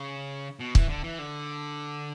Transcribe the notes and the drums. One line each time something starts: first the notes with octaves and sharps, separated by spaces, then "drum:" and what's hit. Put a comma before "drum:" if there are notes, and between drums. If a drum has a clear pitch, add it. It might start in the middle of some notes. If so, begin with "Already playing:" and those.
Already playing: C#3
B2
E3, drum: kick
D3
E3
D3